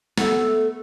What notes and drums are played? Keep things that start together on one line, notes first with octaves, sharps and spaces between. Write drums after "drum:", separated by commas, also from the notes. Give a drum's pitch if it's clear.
A3 B3, drum: snare